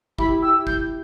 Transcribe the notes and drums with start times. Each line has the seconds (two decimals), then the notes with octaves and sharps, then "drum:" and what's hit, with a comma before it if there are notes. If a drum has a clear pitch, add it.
0.18 E4 G4 B5, drum: kick G1
0.42 E4 G4 E6
0.67 G6, drum: kick G1